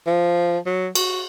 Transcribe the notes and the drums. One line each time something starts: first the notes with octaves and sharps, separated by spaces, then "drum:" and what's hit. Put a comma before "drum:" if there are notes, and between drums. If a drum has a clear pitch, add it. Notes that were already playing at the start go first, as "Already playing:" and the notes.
F3
F#3
F#4, drum: cymbal